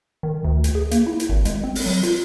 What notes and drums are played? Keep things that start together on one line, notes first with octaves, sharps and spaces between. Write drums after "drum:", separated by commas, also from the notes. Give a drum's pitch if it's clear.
D#3
D2
drum: hi-hat
G#4
A#3, drum: hi-hat
E4
drum: hi-hat
G#1
G#3, drum: hi-hat
C4
drum: open hi-hat
F#3
F4, drum: hi-hat